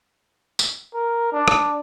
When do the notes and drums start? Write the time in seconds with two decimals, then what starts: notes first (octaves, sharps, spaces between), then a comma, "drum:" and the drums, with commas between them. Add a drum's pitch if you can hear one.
0.59 drum: tambourine
0.94 A#4
1.33 D4
1.48 drum: rim click